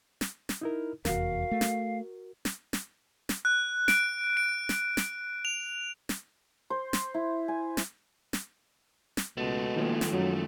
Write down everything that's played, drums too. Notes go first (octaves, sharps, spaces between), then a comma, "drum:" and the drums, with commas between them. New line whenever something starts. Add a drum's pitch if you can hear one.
drum: snare
drum: snare
D#4 E4 A#4
F1 E2 F#4 A#4 F5, drum: snare
A3
drum: snare
drum: snare
drum: snare
drum: snare
F#6
D7, drum: snare
D7
drum: snare
drum: snare
F7
drum: snare
C5
drum: snare
E4
G#5
drum: snare
drum: snare
drum: snare
C#2 B2 G#3 A3
D#3 F3 A#3 C#4
drum: snare
F#2 F#3